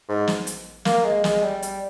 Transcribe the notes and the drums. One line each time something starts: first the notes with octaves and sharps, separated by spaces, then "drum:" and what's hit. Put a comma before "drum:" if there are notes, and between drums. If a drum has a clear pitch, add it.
G#2
drum: snare
drum: hi-hat
A#3, drum: snare
G#3
G#3, drum: snare
G3
G3, drum: hi-hat